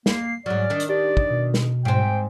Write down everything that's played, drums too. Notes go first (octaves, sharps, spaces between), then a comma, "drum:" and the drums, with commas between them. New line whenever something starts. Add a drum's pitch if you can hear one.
A#3 C7, drum: snare
G#2 F#3 D5 F6
D#3 D4
drum: hi-hat
G4 D5
drum: kick
B2
drum: snare
G#2 C4 G5